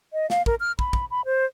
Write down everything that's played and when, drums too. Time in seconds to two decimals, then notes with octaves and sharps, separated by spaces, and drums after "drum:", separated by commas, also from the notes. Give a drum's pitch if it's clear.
0.13 D#5
0.30 F5, drum: snare
0.46 A#4, drum: kick
0.60 F6
0.79 B5, drum: kick
0.93 drum: kick
1.11 B5
1.25 C5